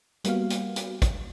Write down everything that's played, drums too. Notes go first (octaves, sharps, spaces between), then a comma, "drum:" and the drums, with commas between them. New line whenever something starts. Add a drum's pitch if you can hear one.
G3 A#3 B3 F#4 F5, drum: hi-hat
drum: hi-hat
drum: hi-hat
drum: kick, hi-hat